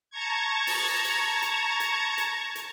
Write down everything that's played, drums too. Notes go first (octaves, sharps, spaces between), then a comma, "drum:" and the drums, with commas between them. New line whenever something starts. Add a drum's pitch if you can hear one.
A5 A#5 C#6 G#6
drum: open hi-hat
drum: hi-hat
drum: hi-hat
drum: hi-hat
drum: hi-hat
drum: hi-hat